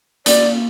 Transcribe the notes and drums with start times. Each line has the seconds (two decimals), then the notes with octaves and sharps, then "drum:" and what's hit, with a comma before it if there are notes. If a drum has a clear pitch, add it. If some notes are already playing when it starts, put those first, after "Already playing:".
0.26 A#3 D5, drum: hi-hat